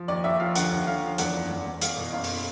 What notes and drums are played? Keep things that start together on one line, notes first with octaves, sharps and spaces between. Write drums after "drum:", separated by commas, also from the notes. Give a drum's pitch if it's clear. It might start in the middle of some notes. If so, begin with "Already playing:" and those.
Already playing: F3
D#2 D5
D#2 E5
F3 F5
D3 F#5, drum: hi-hat
D#2
D3 F5
F3
E2 F#5, drum: hi-hat
F#1
E2
E2
E2 F5, drum: hi-hat
B2
F#1 F5
drum: open hi-hat